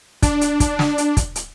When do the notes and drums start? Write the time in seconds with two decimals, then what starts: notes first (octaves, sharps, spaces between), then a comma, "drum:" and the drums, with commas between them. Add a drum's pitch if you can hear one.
0.22 D4, drum: kick, hi-hat
0.41 drum: hi-hat
0.60 drum: kick, hi-hat
0.79 drum: snare
0.98 drum: hi-hat
1.17 drum: kick, hi-hat
1.36 drum: hi-hat